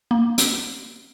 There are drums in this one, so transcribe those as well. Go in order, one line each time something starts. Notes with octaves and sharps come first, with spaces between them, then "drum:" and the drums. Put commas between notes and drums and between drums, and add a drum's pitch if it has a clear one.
A#3
drum: hi-hat